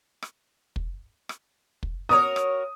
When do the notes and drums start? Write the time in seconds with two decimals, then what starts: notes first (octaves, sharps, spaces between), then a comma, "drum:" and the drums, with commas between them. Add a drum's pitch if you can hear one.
0.22 drum: rim click
0.76 drum: kick
1.29 drum: rim click
1.83 drum: kick
2.09 F#4 A#4 C#5 D#6
2.36 drum: rim click